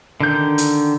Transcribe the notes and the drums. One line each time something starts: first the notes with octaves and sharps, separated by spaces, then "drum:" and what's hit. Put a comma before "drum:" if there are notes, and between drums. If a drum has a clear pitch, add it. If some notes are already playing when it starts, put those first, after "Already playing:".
D3 D#3 G6
drum: hi-hat